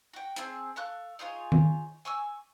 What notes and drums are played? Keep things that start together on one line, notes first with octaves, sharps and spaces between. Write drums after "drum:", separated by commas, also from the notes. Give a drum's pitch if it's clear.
F#4 G5
C4 G#4 A5, drum: hi-hat
A4 F5 C#6 F#6
D#4 F4 G#4 C#5
drum: tom D#3
G#5 C#6 E6